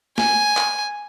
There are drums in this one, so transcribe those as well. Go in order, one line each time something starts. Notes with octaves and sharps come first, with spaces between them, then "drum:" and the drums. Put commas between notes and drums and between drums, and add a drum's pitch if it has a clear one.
G#5, drum: snare
drum: clap